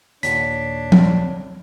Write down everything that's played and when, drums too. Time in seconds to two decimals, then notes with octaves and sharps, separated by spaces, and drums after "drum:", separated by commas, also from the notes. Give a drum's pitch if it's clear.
0.23 D#2 A#2 D4 C#5 B6, drum: hi-hat
0.92 drum: tom F3